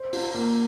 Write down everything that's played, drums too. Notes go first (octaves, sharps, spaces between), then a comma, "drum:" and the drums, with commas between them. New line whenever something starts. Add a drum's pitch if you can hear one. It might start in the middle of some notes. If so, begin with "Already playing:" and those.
Already playing: C5
F4, drum: open hi-hat
A#3